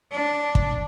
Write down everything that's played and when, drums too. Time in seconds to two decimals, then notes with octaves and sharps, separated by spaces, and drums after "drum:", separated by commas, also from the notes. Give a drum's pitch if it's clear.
0.12 D4
0.55 drum: kick